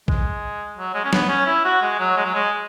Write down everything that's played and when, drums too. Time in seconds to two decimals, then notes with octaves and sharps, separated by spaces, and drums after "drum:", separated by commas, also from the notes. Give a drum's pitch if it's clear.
0.08 G#3, drum: kick A#1
0.77 F#3
0.94 G#3
1.04 C#4
1.13 B3, drum: snare
1.29 C#4
1.46 E4
1.65 F#4
1.82 G#3
1.99 F#3
2.17 G#3
2.25 F#3
2.34 G#3